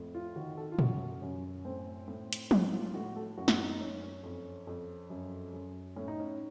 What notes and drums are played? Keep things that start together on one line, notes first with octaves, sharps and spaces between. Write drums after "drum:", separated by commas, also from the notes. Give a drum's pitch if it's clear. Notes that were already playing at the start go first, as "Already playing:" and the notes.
Already playing: F2 A2
F4
D#3 F#4
A4
F4
F#2 F#4, drum: tom A#2
F#2 C#4
A2 C4
A2
drum: hi-hat
A2, drum: tom F3
F4
A2 F#4
A4
F#2 F#4
drum: snare
D#4
F#2 C#4
C#4
F2
F2
F#2
F#2
A2 C#4
D#4
C#4